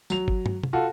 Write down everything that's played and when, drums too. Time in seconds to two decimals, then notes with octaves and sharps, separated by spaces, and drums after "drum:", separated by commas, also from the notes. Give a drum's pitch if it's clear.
0.10 F#3 F7, drum: tambourine
0.28 drum: kick G1
0.46 drum: tom
0.63 drum: tom C3
0.73 F4 F#4 A4